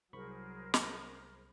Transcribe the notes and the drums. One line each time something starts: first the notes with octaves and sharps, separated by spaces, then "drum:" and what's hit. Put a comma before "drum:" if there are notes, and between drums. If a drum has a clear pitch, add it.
C2 F#3 G#4 A#4 C5 B5 C#6
drum: snare